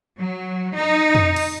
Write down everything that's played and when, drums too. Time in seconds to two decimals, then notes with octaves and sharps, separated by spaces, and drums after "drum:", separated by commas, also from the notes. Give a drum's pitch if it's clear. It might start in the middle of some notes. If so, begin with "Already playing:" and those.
0.17 F#3
0.76 D#4
1.15 drum: tom F2
1.36 drum: cymbal